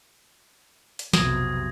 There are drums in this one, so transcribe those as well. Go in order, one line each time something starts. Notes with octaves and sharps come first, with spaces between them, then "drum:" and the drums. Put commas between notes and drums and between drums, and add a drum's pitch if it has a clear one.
drum: hi-hat
B1 F2 C3 D#6 G#6 A#6, drum: snare